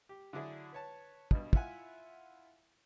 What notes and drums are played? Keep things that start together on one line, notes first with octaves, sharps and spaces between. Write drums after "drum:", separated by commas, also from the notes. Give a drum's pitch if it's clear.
G4
D3 F#3 D4 E4 G#4
B4 C#5 A5
G2 B2, drum: kick
E4 F4 E5 F#5 G#5, drum: kick